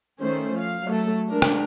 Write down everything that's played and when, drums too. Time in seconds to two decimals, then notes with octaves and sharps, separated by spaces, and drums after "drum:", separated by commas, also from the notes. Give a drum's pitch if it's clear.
0.20 D#3 A3 C#4 C5
0.56 F3 F5
0.87 F#3 A3 A4
1.27 G#3 D4 A#4
1.42 drum: rim click